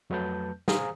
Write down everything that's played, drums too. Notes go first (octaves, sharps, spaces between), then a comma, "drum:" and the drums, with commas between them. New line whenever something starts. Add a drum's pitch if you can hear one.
F2 F#3 A3 B4 A5 G6
G#4 C5 F5 G#5 A#5 D#6, drum: snare